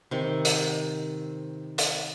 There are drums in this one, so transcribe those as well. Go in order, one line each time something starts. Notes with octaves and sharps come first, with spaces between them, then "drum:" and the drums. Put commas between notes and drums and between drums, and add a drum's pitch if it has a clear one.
C3 D#3
drum: hi-hat
drum: hi-hat